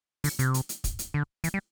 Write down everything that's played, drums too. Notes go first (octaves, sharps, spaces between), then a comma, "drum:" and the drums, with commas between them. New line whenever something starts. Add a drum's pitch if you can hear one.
D3, drum: open hi-hat
C3, drum: hi-hat
drum: hi-hat
drum: hi-hat
drum: kick, hi-hat
drum: hi-hat
D3
E3, drum: hi-hat
G3